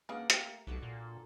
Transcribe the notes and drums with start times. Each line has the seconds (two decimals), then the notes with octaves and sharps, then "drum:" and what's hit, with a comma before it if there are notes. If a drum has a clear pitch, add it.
0.09 C#3 A#3 D4 B4 F#5
0.30 A3 A#3 G4, drum: hi-hat
0.67 B1 D4 F#4 A4
0.83 A#2